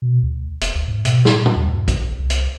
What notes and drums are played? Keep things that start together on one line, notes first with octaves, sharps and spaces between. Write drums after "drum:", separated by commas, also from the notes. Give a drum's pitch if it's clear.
B2
D2
F1, drum: hi-hat
D2
G#2
B2, drum: hi-hat
A#2, drum: snare
drum: tom
D#2
G2
drum: kick, hi-hat
A#1
C2
drum: hi-hat